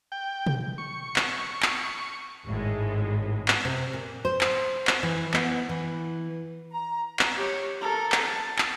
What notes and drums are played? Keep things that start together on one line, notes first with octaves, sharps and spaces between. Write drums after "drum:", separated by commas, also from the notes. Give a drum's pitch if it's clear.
G5
drum: tom
C#6
drum: clap
drum: clap
G#1 A2 G#3
drum: clap
C3
A#2
C5
drum: clap
drum: clap
E3
B3, drum: clap
E3
A#5
drum: clap
G4 C#5
A4 A#4
drum: clap
A5
drum: clap